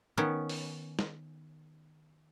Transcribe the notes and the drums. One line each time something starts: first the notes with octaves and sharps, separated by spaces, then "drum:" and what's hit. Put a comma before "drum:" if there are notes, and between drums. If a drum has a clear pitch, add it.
D#3 B3 C#4
drum: open hi-hat
drum: snare